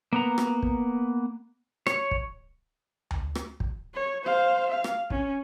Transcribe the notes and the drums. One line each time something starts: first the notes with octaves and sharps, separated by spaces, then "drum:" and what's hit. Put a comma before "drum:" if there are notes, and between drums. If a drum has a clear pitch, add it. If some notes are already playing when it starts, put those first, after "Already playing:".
A#3 B3 A#5
drum: rim click
drum: kick
C#5, drum: rim click
drum: kick
drum: tom D2
drum: rim click
drum: kick
C#5
C5 F5
F5
drum: rim click
C#4, drum: kick